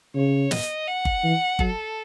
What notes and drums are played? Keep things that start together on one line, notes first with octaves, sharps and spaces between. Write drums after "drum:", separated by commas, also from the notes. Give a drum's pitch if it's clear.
C#3 C#5
D#5, drum: snare
F#5
drum: kick G1
E3
F#3 A4, drum: kick G1